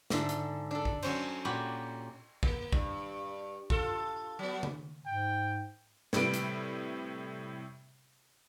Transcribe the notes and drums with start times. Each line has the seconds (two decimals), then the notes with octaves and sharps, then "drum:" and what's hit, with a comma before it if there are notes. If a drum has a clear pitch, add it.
0.10 G#2 D3 A4 E5, drum: snare
0.29 drum: hi-hat
0.71 D4 A4
0.85 drum: kick
1.02 F#3 C#4 C5, drum: cymbal
1.45 A#2 F#4 G4 B5
2.43 A#3, drum: kick
2.72 G2, drum: kick
3.70 F4 A4, drum: kick
4.39 F#3 B3
4.63 drum: tom C#3
5.06 G#2 G5
6.13 A2 C3 G3 B4 D7, drum: snare
6.34 drum: hi-hat